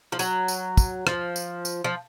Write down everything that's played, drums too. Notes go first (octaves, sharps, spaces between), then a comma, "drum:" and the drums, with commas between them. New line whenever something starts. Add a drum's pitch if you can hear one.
F3
F#3, drum: tambourine
drum: tambourine
drum: kick, tambourine
F3, drum: rim click
drum: tambourine
drum: tambourine
F3